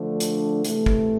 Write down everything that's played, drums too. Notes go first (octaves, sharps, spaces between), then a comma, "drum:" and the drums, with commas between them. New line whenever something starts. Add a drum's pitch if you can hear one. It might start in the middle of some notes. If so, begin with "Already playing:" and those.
Already playing: D3 F3 A3 D4
drum: hi-hat
C3 E3 A3, drum: hi-hat
drum: kick